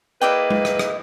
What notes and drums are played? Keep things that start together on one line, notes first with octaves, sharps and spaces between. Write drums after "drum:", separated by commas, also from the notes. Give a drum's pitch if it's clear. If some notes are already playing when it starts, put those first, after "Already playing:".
A#3 E4 G#4 B4 D5 D#5 G5
drum: tom G#3
drum: rim click
drum: rim click